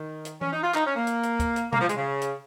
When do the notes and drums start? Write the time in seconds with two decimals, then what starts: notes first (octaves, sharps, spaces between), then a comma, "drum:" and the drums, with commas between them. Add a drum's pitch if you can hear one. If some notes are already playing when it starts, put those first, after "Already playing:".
Already playing: D#3
0.25 drum: hi-hat
0.41 C#4, drum: tom E3
0.53 D#4
0.63 F4
0.75 D#4, drum: clap
0.85 C#4
0.96 A#3
1.07 drum: hi-hat
1.23 drum: hi-hat
1.40 drum: kick, hi-hat
1.56 drum: hi-hat
1.73 A#3, drum: tom B2
1.81 F3
1.89 G#3, drum: hi-hat
1.97 C#3
2.21 drum: hi-hat